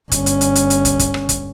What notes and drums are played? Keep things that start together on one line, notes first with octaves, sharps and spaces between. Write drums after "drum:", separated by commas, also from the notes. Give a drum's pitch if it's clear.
G1 C#4, drum: kick, hi-hat
drum: hi-hat
drum: hi-hat
drum: hi-hat
drum: hi-hat
drum: kick, hi-hat
drum: kick, hi-hat
drum: rim click
drum: kick, hi-hat